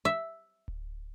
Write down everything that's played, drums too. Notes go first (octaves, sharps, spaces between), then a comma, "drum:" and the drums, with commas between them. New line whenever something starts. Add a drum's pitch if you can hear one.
E5
drum: kick D1